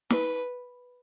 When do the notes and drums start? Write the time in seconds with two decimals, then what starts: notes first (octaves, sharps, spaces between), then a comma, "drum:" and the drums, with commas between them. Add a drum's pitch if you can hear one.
0.11 B4, drum: snare